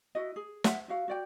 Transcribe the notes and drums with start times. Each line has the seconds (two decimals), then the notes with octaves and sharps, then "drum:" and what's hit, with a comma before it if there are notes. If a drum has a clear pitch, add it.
0.15 E4 F#4 D#5
0.36 G#4
0.64 E5 F#5, drum: snare
0.88 E4 F#4 F5
1.08 F#4 D5 G5